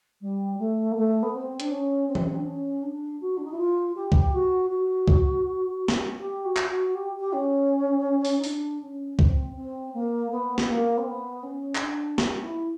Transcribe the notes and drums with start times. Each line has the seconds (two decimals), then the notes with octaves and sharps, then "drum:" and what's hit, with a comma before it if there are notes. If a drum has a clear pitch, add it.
0.21 G3
0.58 A3
0.91 A#3
0.96 A3
1.22 B3
1.34 C4
1.60 D4, drum: hi-hat
1.71 C#4
2.08 C4
2.15 C#4, drum: tom E3
2.23 C4
2.35 D4
2.46 C#4
2.82 D4
3.21 F#4
3.37 D4
3.44 D#4
3.51 E4
3.57 F4
3.95 G4
4.12 drum: kick C#2
4.33 F#4
4.70 F#4
5.08 drum: kick C#2
5.88 drum: snare
6.19 G4
6.45 F#4
6.57 drum: clap
6.69 F#4
6.94 G4
7.19 G4
7.32 C#4
8.25 drum: open hi-hat
8.39 D#4
8.44 D4, drum: open hi-hat
8.81 C#4
9.19 C4, drum: kick C#2
9.56 C4
9.93 A#3
10.31 B3
10.58 B3, drum: snare
10.68 A#3
10.97 C4
11.06 B3
11.43 C#4
11.75 D#4, drum: clap
11.81 D4
12.18 D#4, drum: snare
12.43 E4